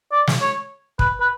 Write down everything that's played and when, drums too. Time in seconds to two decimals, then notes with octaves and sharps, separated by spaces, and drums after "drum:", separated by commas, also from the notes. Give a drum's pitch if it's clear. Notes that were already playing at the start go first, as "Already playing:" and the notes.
0.12 D5
0.27 drum: snare
0.41 C#5
0.99 B4, drum: kick
1.20 B4